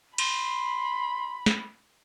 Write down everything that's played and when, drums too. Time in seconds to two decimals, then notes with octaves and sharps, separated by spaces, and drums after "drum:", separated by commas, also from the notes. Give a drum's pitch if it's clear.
0.18 B5 C6, drum: cymbal
1.46 drum: snare